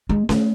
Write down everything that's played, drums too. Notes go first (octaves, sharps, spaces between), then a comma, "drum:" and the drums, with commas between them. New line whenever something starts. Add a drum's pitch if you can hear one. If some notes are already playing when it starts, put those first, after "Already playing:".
G#3
A3, drum: snare C#4